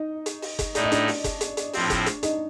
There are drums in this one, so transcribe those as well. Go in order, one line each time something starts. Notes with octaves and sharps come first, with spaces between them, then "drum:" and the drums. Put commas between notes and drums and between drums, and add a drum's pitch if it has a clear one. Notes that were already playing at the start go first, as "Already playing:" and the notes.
Already playing: D#4 D#5
drum: hi-hat
drum: open hi-hat
drum: kick F#1, hi-hat
A2 A3 D#4 D5, drum: hi-hat
D#5
D4 D5, drum: hi-hat
drum: open hi-hat
drum: kick F#1, hi-hat
drum: hi-hat
drum: hi-hat
A2 F3 C4, drum: open hi-hat
drum: kick F#1, hi-hat
drum: hi-hat
D#4 D#5, drum: hi-hat